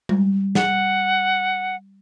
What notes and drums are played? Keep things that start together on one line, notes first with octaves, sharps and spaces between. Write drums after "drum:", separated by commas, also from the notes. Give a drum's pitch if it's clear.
G3, drum: tom G#3
F#5, drum: snare